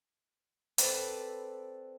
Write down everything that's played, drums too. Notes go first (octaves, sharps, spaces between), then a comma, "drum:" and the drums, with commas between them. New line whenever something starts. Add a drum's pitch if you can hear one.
C4 A4 B4 D5 A5 B5, drum: hi-hat